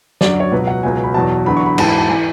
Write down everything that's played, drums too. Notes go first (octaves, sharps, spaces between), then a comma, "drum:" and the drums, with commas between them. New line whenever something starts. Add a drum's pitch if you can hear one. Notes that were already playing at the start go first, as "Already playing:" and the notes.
F#2 D3 F#3 D5, drum: snare
C#5
C#2 B2 F#3 B4
F#5
C#2 B2 F#3 G#5
B5
E2 B2 F#3 A5
E2 D3 F#3 B5
C#6
B5
G#2 E3 A5, drum: cymbal
B5
A5
E3 G#5